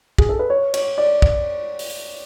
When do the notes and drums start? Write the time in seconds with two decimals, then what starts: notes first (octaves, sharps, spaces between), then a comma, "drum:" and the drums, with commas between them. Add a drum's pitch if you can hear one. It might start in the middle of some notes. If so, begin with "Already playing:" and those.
0.18 G#4, drum: kick
0.29 A4
0.39 B4
0.50 C#5
0.74 C#5, drum: cymbal
0.98 D5
1.22 drum: kick
1.79 drum: open hi-hat